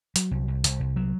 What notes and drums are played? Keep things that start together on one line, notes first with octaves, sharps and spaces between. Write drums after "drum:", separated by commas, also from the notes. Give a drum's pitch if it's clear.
F#3, drum: hi-hat
C2
C2
C2, drum: hi-hat
C2
F#3